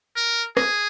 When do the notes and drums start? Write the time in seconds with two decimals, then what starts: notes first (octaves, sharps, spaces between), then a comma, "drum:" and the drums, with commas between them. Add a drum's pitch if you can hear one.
0.16 A#4
0.57 G#4, drum: rim click